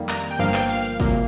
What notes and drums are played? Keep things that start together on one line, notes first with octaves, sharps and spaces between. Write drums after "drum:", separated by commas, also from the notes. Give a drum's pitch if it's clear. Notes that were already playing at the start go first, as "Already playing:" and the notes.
Already playing: F2 D#3 G3 A#3
A#5, drum: clap
G5
G1 G2 F3 A#3 F5
G5, drum: clap
F5, drum: hi-hat
drum: hi-hat
C2 A#2 A#3, drum: kick, open hi-hat